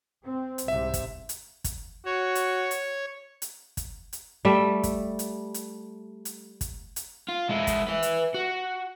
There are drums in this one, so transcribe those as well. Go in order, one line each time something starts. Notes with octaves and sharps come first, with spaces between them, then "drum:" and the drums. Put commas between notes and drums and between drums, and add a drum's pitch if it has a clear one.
C4
drum: hi-hat
C2 G#2 C3 E5
drum: kick, hi-hat
drum: hi-hat
drum: kick, hi-hat
F#4 C#5
drum: hi-hat
drum: hi-hat
drum: hi-hat
drum: kick, hi-hat
drum: hi-hat
G3 A3 E5
drum: kick, hi-hat
drum: hi-hat
drum: hi-hat
drum: hi-hat
drum: kick, hi-hat
drum: hi-hat
F4
G#3 E4
drum: kick, hi-hat
B4 E5
drum: hi-hat
F#4